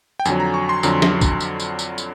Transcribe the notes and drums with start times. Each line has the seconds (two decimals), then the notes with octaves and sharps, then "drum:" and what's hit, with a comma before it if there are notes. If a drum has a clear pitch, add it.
0.20 G5
0.25 F2 D3 F#3 G#5, drum: tambourine
0.40 A#5
0.54 C#6
0.69 C6
0.83 F2 D3 F#3 A#5, drum: tambourine
1.02 drum: snare
1.21 drum: kick, tambourine
1.40 drum: tambourine
1.60 drum: tambourine
1.79 drum: tambourine
1.98 drum: tambourine